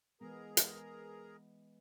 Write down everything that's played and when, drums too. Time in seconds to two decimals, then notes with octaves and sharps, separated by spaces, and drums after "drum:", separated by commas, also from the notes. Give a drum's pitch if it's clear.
0.21 E3 G#3 B3 G#4 A#4 A#5
0.57 drum: hi-hat